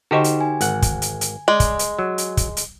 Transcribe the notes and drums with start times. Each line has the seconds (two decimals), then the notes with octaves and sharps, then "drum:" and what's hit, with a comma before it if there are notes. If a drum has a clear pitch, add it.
0.11 D3 D#4 F#4 G4 C5 D#5 C#6
0.24 drum: hi-hat
0.41 G#5
0.61 G#1 F#5, drum: hi-hat
0.82 drum: kick, hi-hat
1.02 drum: hi-hat
1.21 drum: hi-hat
1.48 G#3 D5
1.60 drum: kick, hi-hat
1.79 drum: hi-hat
1.99 F#3
2.18 drum: hi-hat
2.37 drum: kick, hi-hat
2.57 drum: hi-hat